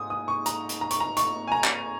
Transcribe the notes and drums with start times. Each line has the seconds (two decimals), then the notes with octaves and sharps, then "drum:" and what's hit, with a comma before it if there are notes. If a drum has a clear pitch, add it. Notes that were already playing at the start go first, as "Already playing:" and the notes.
Already playing: G#2 G#5 D#6
0.10 D#6
0.28 C#6
0.46 A#5, drum: hi-hat
0.69 drum: hi-hat
0.81 A#5
0.91 C#6, drum: hi-hat
1.00 A#5
1.17 C#6, drum: hi-hat
1.47 G#5
1.52 A#5
1.64 drum: clap